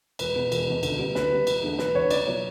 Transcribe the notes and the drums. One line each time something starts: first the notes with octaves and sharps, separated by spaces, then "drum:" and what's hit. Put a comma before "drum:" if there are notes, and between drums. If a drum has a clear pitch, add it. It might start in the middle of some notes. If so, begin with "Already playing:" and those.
E1 B4, drum: cymbal
E2 B2
E1, drum: cymbal
E2 B2
D2, drum: cymbal
C#3 G3 B3
D2 B4, drum: snare
C#3 G3 B3
E1, drum: cymbal
E2 D3 A3 D4
E1 B4, drum: snare
E2 D3 A3 D4 C#5
C#2 D5, drum: cymbal
B2 F#3 B3 E4 C#5